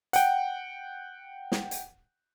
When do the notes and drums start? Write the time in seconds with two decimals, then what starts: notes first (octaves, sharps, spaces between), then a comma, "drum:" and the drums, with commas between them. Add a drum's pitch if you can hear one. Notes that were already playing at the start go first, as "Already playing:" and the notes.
0.13 F#5 G5, drum: hi-hat
1.52 drum: snare
1.71 drum: hi-hat